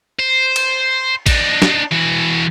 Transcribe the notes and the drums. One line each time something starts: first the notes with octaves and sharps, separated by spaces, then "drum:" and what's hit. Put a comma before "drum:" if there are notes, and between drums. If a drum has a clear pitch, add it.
C5
drum: cymbal
D4 D#4, drum: kick A1, cymbal
drum: snare
E3 F#4